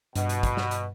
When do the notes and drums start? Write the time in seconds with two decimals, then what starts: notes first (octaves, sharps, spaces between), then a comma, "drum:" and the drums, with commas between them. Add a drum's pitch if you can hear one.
0.16 G2 B2, drum: hi-hat
0.29 drum: hi-hat
0.43 drum: kick, hi-hat
0.57 drum: snare
0.71 drum: hi-hat